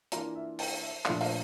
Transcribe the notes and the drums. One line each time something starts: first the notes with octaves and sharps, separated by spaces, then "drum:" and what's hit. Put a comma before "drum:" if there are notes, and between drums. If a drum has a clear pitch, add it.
E3 A#3 D4 F4 A#5, drum: hi-hat
E5
G5, drum: open hi-hat
E5
A#2 F3 A3 D4 F5, drum: clap
F5, drum: open hi-hat